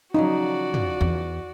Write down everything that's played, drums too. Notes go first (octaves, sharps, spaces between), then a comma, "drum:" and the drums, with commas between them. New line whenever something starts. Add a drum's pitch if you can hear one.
C#3 F3 F#3 D#4 F#4 D5
drum: tom
E2